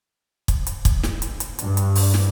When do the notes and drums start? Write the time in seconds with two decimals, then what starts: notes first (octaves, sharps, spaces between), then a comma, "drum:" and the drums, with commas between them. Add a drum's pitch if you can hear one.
0.48 drum: kick, hi-hat
0.67 drum: hi-hat
0.85 drum: kick, hi-hat
1.03 drum: snare
1.22 drum: hi-hat
1.40 drum: hi-hat
1.59 G2, drum: hi-hat
1.77 drum: hi-hat
1.95 drum: open hi-hat
2.14 drum: snare